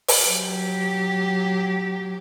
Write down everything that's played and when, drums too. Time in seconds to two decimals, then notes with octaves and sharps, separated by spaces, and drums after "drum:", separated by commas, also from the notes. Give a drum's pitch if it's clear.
0.08 drum: open hi-hat
0.23 F#3 G4